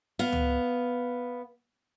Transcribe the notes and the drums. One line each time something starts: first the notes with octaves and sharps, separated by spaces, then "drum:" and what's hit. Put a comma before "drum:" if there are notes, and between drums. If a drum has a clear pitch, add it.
B3 F5
drum: tom C#2